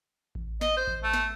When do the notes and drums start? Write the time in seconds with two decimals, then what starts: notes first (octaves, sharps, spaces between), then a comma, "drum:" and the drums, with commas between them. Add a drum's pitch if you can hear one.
0.35 drum: kick A1
0.61 D#5, drum: snare
0.77 C5
0.87 drum: kick A1
1.03 A3
1.13 drum: snare